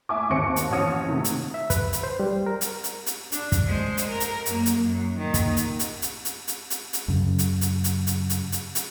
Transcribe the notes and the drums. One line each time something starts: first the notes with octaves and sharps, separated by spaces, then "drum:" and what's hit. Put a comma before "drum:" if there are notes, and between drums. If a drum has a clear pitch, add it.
E5 G#5 D6
G#1 D#2 C5 C#6 C#7 D7
drum: hi-hat
A1 F#4 C#5 D#6 C#7
C3 D#3 A3
drum: hi-hat
E5
B4, drum: kick, hi-hat
drum: hi-hat
C5
G3
A#4
drum: hi-hat
drum: hi-hat
drum: hi-hat
D4, drum: hi-hat
drum: kick, hi-hat
G#3 C5
drum: hi-hat
A#4
drum: hi-hat
F#2 A#3, drum: hi-hat
drum: hi-hat
F#2
A#2 D#3
drum: kick, hi-hat
drum: hi-hat
drum: hi-hat
drum: hi-hat
drum: hi-hat
drum: hi-hat
drum: hi-hat
drum: hi-hat
F#2 C#3
drum: hi-hat
drum: hi-hat
drum: hi-hat
drum: hi-hat
drum: hi-hat
drum: hi-hat
drum: hi-hat